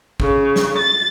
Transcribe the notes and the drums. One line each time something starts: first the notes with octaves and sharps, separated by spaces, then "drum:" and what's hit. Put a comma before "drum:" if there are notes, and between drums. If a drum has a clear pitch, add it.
C#3, drum: kick G#1
drum: snare
A6